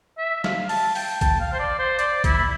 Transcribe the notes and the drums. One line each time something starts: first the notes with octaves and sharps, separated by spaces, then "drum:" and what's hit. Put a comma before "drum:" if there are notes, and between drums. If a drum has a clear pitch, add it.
E5
F5, drum: snare
A5, drum: open hi-hat
G5, drum: open hi-hat
A5, drum: kick G#1, hi-hat
F5
C5
D5
C5
D5, drum: hi-hat
E4, drum: kick G#1, hi-hat